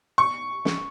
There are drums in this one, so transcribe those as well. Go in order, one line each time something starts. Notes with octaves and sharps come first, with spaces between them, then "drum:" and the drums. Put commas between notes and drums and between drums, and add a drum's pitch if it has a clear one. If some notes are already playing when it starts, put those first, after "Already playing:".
C#6
drum: snare